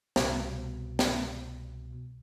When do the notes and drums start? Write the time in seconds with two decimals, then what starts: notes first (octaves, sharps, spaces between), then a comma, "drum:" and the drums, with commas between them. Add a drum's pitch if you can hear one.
0.16 C2 B2, drum: snare
0.99 drum: snare